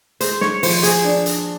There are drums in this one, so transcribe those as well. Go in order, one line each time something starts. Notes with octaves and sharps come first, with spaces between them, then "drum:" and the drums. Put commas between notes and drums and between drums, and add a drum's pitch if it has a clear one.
G#3 C5, drum: hi-hat
C#5, drum: snare
F3 C5, drum: open hi-hat
G#4, drum: hi-hat
D4
drum: hi-hat